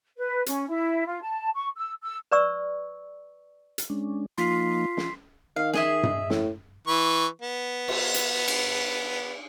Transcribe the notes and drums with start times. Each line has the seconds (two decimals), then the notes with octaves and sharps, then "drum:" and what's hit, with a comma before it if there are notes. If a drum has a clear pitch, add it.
0.17 B4
0.46 C#4, drum: hi-hat
0.69 E4
1.06 F4
1.21 A5
1.54 C#6
1.76 E6
2.02 E6
2.31 B4 D5 C#6 E6
3.78 drum: hi-hat
3.90 G#3 C#4 D4
4.38 F3 A#3 D#4 F4 C6 B6 C7
4.97 drum: snare
5.56 D#3 F5
5.73 G#4 D#5 E5, drum: snare
6.03 drum: tom G2
6.30 A2, drum: snare
6.87 E3 B4 C#6
7.42 B3
7.88 drum: cymbal
8.14 drum: hi-hat
8.48 drum: cymbal